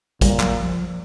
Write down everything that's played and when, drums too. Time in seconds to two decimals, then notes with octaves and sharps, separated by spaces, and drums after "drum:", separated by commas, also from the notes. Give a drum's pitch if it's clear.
0.21 A#2 G3, drum: kick, hi-hat
0.40 F#3, drum: clap
0.57 F3